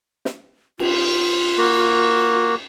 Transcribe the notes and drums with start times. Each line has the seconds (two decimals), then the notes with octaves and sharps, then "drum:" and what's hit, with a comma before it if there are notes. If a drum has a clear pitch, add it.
0.25 drum: snare
0.79 F4, drum: cymbal
1.58 A#3 F#4